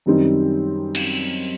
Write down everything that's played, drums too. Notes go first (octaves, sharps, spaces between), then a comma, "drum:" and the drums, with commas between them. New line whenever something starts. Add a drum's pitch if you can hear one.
F#2 D#3 G3 C4 D#4
drum: cymbal